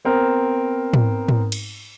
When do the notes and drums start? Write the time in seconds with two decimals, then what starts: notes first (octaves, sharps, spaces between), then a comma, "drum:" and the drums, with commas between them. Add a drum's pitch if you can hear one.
0.05 B3 C4 A#4
0.93 drum: tom
1.28 drum: tom
1.52 drum: cymbal